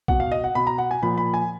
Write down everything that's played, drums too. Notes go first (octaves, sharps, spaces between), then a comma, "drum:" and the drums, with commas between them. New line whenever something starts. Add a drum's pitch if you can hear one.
B2 F#5, drum: kick
F5
D#5
F#5
B2 B5
A#5
F#5
G#5
A#2 F3 B5
B5
G#5